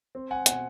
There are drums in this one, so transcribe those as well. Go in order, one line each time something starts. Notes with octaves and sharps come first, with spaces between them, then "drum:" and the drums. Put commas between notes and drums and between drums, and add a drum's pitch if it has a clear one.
C4
F#5 G#5
B2 F#5 G#5, drum: hi-hat